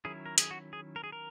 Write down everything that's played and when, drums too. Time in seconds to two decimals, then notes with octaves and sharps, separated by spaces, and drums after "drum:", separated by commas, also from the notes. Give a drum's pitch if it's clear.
0.05 D#3 F#3 C#4 E4 G#4
0.26 A#4
0.38 G#4, drum: hi-hat
0.51 F#4
0.73 G#4
0.96 A#4
1.04 G#4
1.12 A#4